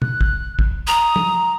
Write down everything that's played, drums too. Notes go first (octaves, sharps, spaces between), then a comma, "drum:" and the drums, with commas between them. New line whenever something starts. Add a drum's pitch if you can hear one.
F#6, drum: tom
drum: kick
drum: kick
A#5 D#6
drum: tom